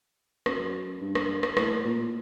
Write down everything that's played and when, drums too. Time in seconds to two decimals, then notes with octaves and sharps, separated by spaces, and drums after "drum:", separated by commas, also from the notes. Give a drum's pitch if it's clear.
0.46 F#2, drum: rim click
1.01 G2
1.15 drum: rim click
1.43 drum: rim click
1.57 A2, drum: rim click
1.85 A#2